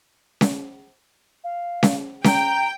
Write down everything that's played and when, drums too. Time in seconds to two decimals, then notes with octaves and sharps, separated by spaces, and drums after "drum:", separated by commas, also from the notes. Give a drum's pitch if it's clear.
0.41 drum: snare C#4
1.44 F5
1.83 drum: snare C#4
2.24 G5 A#5, drum: snare C#4